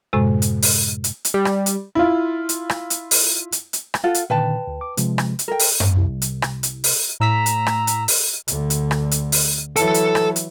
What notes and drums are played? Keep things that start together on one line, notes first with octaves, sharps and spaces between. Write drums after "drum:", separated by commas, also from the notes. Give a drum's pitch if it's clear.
F#2 A2 C3 G#3
drum: hi-hat
drum: open hi-hat
drum: hi-hat
drum: hi-hat
G3
drum: rim click
drum: hi-hat
E4 F4
drum: hi-hat
drum: rim click
drum: hi-hat
drum: open hi-hat
drum: hi-hat
drum: hi-hat
drum: rim click
F4 A4 F#5
drum: hi-hat
A#2 D3 D#3 B4 G5 A5
D2
D6
C3 F3 G#3, drum: hi-hat
drum: rim click
drum: hi-hat
A4 A#4 G5
drum: open hi-hat
drum: tom F#2
C2
drum: hi-hat
drum: rim click
drum: hi-hat
drum: open hi-hat
A2 A#5 E6 B6
drum: hi-hat
drum: rim click
drum: hi-hat
drum: open hi-hat
D2 D3, drum: hi-hat
drum: hi-hat
drum: rim click
drum: hi-hat
drum: open hi-hat
E3 F#3 A4 A5, drum: hi-hat
drum: hi-hat
drum: rim click
drum: hi-hat